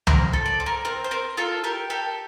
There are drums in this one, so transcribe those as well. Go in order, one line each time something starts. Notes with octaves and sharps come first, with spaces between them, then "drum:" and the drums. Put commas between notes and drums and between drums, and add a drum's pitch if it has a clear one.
C4 A#4, drum: tom
A4
D5
C4
A#4
C4 A#4
C5
C4 A#4
F4 A4
G4 A#4
G4 A4